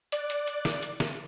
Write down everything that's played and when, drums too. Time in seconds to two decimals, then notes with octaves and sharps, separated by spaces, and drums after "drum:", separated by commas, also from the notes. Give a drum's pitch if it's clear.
0.12 D5 F#6, drum: hi-hat
0.30 drum: hi-hat
0.47 drum: hi-hat
0.65 drum: snare
0.83 drum: hi-hat
1.00 drum: snare